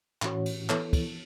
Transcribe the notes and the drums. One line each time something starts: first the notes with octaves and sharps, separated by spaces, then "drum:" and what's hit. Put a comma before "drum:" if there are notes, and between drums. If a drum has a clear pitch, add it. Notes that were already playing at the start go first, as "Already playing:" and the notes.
A2 E3 C#4 F#4 C#5, drum: clap
drum: cymbal
E3 B3 E4 A4 C#5, drum: clap
drum: kick, cymbal